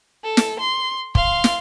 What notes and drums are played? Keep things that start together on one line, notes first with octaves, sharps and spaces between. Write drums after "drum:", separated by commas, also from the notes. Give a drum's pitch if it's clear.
A4
drum: snare
C6
F5 C6, drum: kick
drum: snare